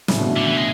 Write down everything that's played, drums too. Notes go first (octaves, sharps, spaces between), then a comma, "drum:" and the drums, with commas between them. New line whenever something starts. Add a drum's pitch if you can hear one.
A2 C#3, drum: snare
B2 D3
A2 C#3
D3
E3
G#3